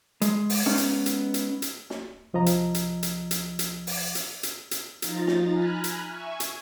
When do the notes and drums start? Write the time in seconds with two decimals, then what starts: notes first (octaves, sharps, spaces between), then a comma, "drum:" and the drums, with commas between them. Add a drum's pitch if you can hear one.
0.21 G#3, drum: hi-hat
0.50 drum: open hi-hat
0.66 G#3 B3 C#4 D#4
0.78 drum: hi-hat
1.06 drum: hi-hat
1.34 drum: hi-hat
1.62 drum: hi-hat
1.90 drum: snare
2.34 C2 F3 D#5 A#5
2.46 drum: hi-hat
2.74 drum: hi-hat
3.03 drum: hi-hat
3.31 drum: hi-hat
3.59 drum: hi-hat
3.87 drum: open hi-hat
4.15 drum: hi-hat
4.43 drum: hi-hat
4.71 drum: hi-hat
5.02 F3 D#4 F4 A#5 A6, drum: hi-hat
5.27 drum: snare
5.50 G#5 A#5 B5 F6 F#6
5.84 drum: hi-hat
6.07 E5 G#5 C#6 G#6
6.40 drum: hi-hat